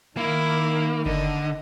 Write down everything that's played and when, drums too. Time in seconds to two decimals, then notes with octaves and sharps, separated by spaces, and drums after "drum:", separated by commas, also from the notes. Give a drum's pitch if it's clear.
0.17 D#3 A#3 E4
1.06 D3 D#5, drum: kick F#1